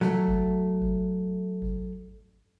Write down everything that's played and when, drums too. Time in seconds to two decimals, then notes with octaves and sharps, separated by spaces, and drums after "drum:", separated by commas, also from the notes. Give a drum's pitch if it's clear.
0.01 F#3 A3, drum: snare
0.28 drum: kick G#1
0.82 drum: kick G#1
1.62 drum: kick G#1